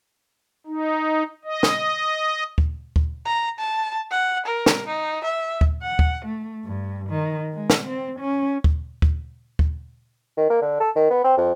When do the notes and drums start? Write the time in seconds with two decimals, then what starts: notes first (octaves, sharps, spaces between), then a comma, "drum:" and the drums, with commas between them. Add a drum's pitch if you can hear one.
0.67 D#4
1.44 D#5
1.63 drum: snare
2.58 drum: kick
2.96 drum: kick
3.25 A#5
3.59 A5
4.11 F#5
4.45 A#4
4.66 drum: snare
4.87 D#4
5.24 E5
5.61 drum: kick
5.83 F#5
5.99 drum: kick
6.25 A3
6.65 G2
7.10 D#3
7.53 G#3
7.70 drum: snare
7.87 C4
8.20 C#4
8.64 drum: kick
9.02 drum: kick
9.59 drum: kick
10.37 D#3
10.50 A#3
10.62 D3
10.80 A4
10.96 D#3
11.10 B3
11.24 C4
11.37 F2